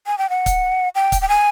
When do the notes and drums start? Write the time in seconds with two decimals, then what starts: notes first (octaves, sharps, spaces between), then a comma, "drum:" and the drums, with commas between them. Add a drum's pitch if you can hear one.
0.07 G#5
0.18 G5
0.29 F#5
0.46 drum: kick C#1, hi-hat
0.95 G5
1.12 drum: kick C#1, hi-hat
1.21 G5
1.28 G#5